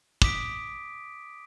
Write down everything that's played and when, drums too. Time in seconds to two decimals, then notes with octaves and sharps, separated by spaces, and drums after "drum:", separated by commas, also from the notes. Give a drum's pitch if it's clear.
0.22 D6 D#6 B6 D7, drum: kick